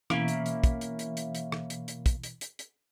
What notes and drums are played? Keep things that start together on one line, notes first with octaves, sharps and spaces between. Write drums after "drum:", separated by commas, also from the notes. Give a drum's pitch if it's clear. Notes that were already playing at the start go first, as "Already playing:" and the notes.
B2 E3 A#3 C#4 E4, drum: rim click
drum: hi-hat
drum: hi-hat
drum: kick, hi-hat
drum: hi-hat
drum: hi-hat
drum: hi-hat
drum: hi-hat
drum: rim click
drum: hi-hat
drum: hi-hat
drum: kick, hi-hat
drum: hi-hat
drum: hi-hat
drum: hi-hat